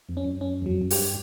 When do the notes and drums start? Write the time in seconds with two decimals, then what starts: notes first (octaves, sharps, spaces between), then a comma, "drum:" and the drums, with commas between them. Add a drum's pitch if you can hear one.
0.09 F2
0.17 C#4
0.25 F#2
0.41 C#4
0.62 E2 F#3
0.71 F2
0.81 F#2
0.91 G2 G4, drum: open hi-hat